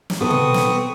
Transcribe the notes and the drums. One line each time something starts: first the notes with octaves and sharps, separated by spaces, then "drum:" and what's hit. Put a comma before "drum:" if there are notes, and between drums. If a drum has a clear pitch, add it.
drum: snare
B3 C4 A4 C#6 D#6
drum: tom B2
drum: snare